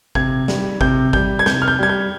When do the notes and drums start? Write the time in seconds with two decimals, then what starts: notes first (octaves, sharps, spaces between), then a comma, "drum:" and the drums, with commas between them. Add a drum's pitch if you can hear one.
0.15 C3 G#6, drum: kick
0.48 G3, drum: snare
0.81 C3 G6, drum: kick
1.13 G3 G6, drum: kick
1.39 G#6
1.46 C3 G6, drum: snare
1.62 F6
1.68 G6
1.79 G3 G#6
1.89 G6